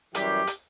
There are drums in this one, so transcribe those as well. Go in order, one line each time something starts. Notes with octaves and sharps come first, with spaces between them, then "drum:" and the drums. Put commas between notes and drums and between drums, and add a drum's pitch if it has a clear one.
F#2 E3 G3 G4, drum: hi-hat
drum: hi-hat